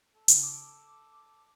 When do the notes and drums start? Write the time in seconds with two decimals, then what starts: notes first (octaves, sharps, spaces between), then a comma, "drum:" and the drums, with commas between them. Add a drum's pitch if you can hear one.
0.15 A4
0.28 C#3 D#4, drum: hi-hat
0.43 D6